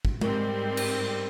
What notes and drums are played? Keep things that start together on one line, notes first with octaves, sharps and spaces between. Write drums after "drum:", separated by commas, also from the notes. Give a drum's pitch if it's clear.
drum: kick
G#2 G3 C4 A#4, drum: tom G#3
drum: cymbal